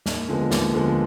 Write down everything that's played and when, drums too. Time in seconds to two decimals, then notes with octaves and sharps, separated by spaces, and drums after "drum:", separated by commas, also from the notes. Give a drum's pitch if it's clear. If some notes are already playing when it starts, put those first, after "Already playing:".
0.06 D#2, drum: snare
0.28 D3 F3 G#3 B3
0.51 D#2, drum: snare
0.73 D3 F3 G#3 B3